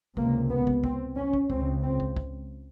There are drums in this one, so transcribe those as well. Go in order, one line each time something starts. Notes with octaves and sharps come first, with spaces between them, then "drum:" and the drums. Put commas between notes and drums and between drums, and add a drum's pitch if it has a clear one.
C#2 C3 A#3, drum: kick
B3
drum: kick
C4, drum: kick
C#4
drum: kick
C#2 C#3 C4, drum: kick
C4
drum: kick
drum: kick